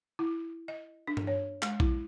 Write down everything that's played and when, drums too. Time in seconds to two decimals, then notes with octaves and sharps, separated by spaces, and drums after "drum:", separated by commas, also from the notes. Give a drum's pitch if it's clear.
0.19 E4
0.68 D#5
1.07 D4
1.17 drum: tom G2
1.27 C#5
1.62 G#3, drum: clap
1.80 E4, drum: kick A#1